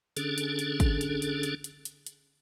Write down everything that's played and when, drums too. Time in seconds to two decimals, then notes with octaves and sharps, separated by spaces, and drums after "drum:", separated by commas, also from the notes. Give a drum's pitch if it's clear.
0.17 D3 C#4 D4 G#4 A4, drum: hi-hat
0.38 drum: hi-hat
0.59 drum: hi-hat
0.80 drum: kick, hi-hat
1.01 drum: hi-hat
1.22 drum: hi-hat
1.43 drum: hi-hat
1.64 drum: hi-hat
1.85 drum: hi-hat
2.06 drum: hi-hat